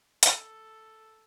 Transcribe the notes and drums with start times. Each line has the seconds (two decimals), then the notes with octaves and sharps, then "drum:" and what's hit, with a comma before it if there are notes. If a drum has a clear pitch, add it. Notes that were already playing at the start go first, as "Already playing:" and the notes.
0.23 A4, drum: hi-hat